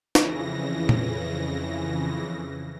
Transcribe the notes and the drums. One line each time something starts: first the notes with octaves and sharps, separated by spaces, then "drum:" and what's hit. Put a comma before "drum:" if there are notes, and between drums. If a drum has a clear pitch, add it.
F2 C#3 E3 A#6, drum: snare
drum: tom A#2